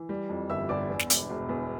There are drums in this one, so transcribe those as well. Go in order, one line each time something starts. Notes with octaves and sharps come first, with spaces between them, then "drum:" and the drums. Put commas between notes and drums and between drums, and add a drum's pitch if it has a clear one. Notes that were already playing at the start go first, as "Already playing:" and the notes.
Already playing: E3
G3
F2
G1 E5 E6
G1 D5 D6
E2
drum: snare
E1, drum: hi-hat
E1
E2